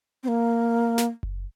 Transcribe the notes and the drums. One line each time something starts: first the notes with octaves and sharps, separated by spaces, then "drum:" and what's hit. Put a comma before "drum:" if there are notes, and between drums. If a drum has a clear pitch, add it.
C4
A#3
drum: snare
drum: kick F#1